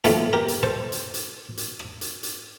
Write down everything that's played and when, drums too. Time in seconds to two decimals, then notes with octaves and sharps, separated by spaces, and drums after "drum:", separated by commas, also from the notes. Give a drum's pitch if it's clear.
0.04 F2 D#3 A3 F4 A4, drum: hi-hat
0.33 G4 A#4
0.48 drum: hi-hat
0.63 A4 C5
0.92 drum: hi-hat
1.14 drum: hi-hat
1.57 drum: hi-hat
1.79 drum: rim click
2.01 drum: hi-hat
2.23 drum: hi-hat